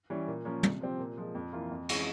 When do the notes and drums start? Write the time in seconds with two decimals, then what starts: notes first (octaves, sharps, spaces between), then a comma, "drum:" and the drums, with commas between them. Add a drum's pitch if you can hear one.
0.10 E3 G3 C#4
0.28 A#2
0.45 F3 A#3 C#4
0.63 C3, drum: tom
0.81 F3 C4 G4
1.00 A#2
1.18 F3 G#3
1.35 F2
1.52 E3 A#3 F4
1.71 F2
1.89 E3 G#3 C#4, drum: cymbal